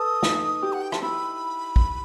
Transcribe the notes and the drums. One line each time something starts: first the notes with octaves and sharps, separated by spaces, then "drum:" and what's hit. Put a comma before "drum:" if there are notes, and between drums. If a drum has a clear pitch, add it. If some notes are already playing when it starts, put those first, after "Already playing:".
Already playing: A4 B4 D#6
D#4, drum: snare
G4
F#5
G5
A5, drum: rim click
E4 B5
drum: kick